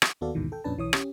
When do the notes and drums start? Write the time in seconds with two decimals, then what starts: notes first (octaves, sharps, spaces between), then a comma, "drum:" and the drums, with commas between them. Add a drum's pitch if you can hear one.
0.02 drum: rim click
0.21 D#2 B3 F#4 A4 D5 F5
0.34 A#1 D#2 G#2 B2 D#3 E3
0.52 A4 G5
0.64 F2 A#2 C#4 D4 B4 A5
0.77 B1 E3 C#5 D#6
0.93 C#4 G4, drum: rim click